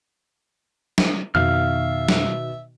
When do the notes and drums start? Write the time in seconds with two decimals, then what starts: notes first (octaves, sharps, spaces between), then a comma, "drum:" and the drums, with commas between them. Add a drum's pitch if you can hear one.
0.98 drum: snare
1.35 F2 B2 D#3 E5 F5 F6
2.09 drum: snare